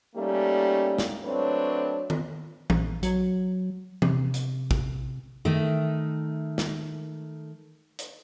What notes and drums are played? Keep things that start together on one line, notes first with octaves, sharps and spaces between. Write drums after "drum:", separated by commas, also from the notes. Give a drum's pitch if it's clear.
G3 A3 A#3 C#4 D#4 G4
drum: snare
F#3 A3 C4 D4 B4 C#5
drum: tom D#3
A#1, drum: tom E3
F#3, drum: hi-hat
C3, drum: tom E3
drum: hi-hat
drum: kick
D#3 A3
drum: snare
drum: hi-hat